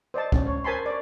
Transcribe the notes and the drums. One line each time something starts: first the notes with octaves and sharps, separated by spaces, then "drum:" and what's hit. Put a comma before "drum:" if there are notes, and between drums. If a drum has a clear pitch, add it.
C5 D5 D#5 A5
C#4, drum: kick
C#5
A#4 C5 G#5 A5 B5 C6
C#5 D5